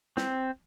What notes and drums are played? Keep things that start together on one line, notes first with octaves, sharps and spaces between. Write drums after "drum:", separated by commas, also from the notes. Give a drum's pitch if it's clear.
C4, drum: snare